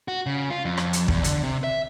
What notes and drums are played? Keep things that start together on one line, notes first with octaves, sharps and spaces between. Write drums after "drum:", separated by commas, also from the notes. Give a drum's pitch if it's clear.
F#4
C#3
F4
F2
drum: rim click
drum: hi-hat
E2, drum: kick
D3, drum: hi-hat
C3
E5